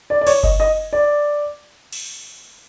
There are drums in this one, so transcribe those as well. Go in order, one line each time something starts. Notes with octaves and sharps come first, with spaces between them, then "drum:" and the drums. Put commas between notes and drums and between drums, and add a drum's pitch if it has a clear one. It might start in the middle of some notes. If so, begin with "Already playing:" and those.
D5
D5
C#5, drum: cymbal
D#5, drum: kick F#1
D#5
D5
drum: cymbal